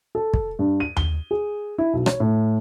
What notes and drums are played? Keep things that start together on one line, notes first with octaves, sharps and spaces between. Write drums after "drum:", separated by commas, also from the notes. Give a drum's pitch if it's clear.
A4
drum: kick
G2
D#7
G7, drum: tom D#2
G#4
E4
B1
C#5, drum: rim click
A2